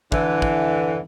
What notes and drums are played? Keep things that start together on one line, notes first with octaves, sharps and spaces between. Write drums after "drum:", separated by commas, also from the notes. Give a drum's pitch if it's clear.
D3 E3, drum: kick
drum: kick